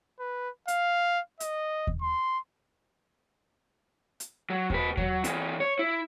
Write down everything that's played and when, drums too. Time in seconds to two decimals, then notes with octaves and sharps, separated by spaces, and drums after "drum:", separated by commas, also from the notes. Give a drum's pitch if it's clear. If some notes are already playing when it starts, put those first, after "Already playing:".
0.20 B4
0.68 F5, drum: hi-hat
1.40 D#5, drum: hi-hat
1.87 drum: kick D#2
2.02 C6
4.20 drum: hi-hat
4.50 F#3
4.70 C3 B4, drum: kick D#2
4.97 F#3, drum: kick D#2
5.24 E3 C4, drum: hi-hat
5.60 C#5
5.79 E4